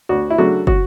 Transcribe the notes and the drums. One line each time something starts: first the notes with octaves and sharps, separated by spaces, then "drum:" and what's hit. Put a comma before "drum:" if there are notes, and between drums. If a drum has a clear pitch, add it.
D2 F#4
E4
C#3 F#3 A3 D4 F#4
F#4, drum: kick